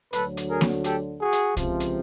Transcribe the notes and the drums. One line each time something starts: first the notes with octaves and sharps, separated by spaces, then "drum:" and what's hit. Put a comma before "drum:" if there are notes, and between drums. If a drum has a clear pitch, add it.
D2 D3 F#3 A4 B4, drum: hi-hat
drum: hi-hat
G#4 A#4
drum: snare A#3
G4 A4, drum: hi-hat
F#4 G#4
drum: hi-hat
C#2 C3 F3, drum: kick, hi-hat
drum: hi-hat